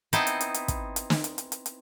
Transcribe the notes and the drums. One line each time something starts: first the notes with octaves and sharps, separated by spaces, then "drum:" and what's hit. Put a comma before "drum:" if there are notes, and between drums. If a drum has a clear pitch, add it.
B3 C4 D#4 E4 D#5 A5, drum: hi-hat
drum: hi-hat
drum: hi-hat
drum: hi-hat
drum: kick, hi-hat
drum: hi-hat
drum: snare
drum: hi-hat
drum: hi-hat
drum: hi-hat
drum: hi-hat